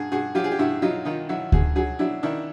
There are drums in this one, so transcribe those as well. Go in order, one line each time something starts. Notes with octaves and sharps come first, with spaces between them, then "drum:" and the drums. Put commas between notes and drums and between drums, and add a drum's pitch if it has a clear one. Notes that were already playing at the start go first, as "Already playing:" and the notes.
Already playing: G2 F#4 G#4
G2 F#4 G#4
F#3 F4 G4
G#4
G4
G2 E4 F#4
F#3 D#4 F4
D#3 D#4 F4
F#3 E4 F#4
G2 F#4 G#4, drum: kick D2
F#3 F#4 G#4
F#3 D4 E4
D#3 D4 E4